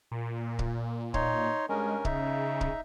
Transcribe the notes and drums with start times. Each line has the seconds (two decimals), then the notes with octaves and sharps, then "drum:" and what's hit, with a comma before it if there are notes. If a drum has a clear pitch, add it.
0.12 A#2
0.59 drum: kick C#1
1.14 D#4 C#5 C6, drum: kick C#1
1.69 G2 G#3 C#4 A#4
2.05 C#3 D#4 E5, drum: kick C#1
2.61 drum: kick C#1